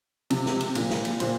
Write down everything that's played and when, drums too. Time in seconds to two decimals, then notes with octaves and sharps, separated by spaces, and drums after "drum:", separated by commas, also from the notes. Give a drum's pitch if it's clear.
0.30 C3 F3, drum: cymbal
0.46 drum: snare
0.60 drum: cymbal
0.75 A#2 F3, drum: cymbal
0.90 drum: snare
1.05 drum: cymbal
1.20 A#2 F3 C5, drum: cymbal